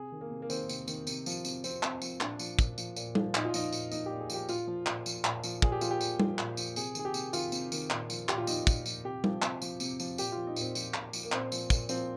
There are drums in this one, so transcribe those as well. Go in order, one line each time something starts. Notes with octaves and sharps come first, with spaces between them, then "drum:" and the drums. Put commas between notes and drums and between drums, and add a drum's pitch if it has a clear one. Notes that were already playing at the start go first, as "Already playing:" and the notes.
Already playing: C3 G#4
D#3
A#3
C3
A#3
D#3 C4, drum: tambourine
C3, drum: tambourine
D#3, drum: tambourine
C3, drum: tambourine
F3, drum: tambourine
C3, drum: tambourine
F3 C4, drum: tambourine
C3 C4, drum: clap
F3, drum: tambourine
A#2 D4, drum: clap
F3, drum: tambourine
A#2, drum: kick, tambourine
F3, drum: tambourine
A#2, drum: tambourine
F3, drum: tom G3
A#2 D#4, drum: clap
F4
F3 D#4, drum: tambourine
A#2, drum: tambourine
F3 D#4, drum: tambourine
A#2 G4
G#4
F3 G4, drum: tambourine
A#2 F4, drum: tambourine
F3
A#2, drum: clap
F3, drum: tambourine
A#2, drum: clap
F3, drum: tambourine
A#2 G#4, drum: kick
G4
F3 F4, drum: tambourine
G4
A#2, drum: tambourine
F3, drum: tom G3
A#2, drum: clap
F3, drum: tambourine
C3 G#4, drum: tambourine
D#3 G#4, drum: tambourine
G4
C3, drum: tambourine
D#3 F4, drum: tambourine
C3, drum: tambourine
D#3, drum: tambourine
A#2, drum: clap
F3, drum: tambourine
A#2 G4, drum: clap
F4
F3 D#4, drum: tambourine
A#2, drum: kick, tambourine
F3, drum: tambourine
C3 G4
F3, drum: tom G3
C3, drum: clap
F3, drum: tambourine
C3, drum: tambourine
F3, drum: tambourine
A#2 G4, drum: tambourine
F3 F4
D#4
A#2 C4, drum: tambourine
F3, drum: tambourine
A#2, drum: clap
F3, drum: tambourine
A#3
A#2 C4, drum: clap
F3, drum: tambourine
A#2, drum: kick, tambourine
F3 C4, drum: tambourine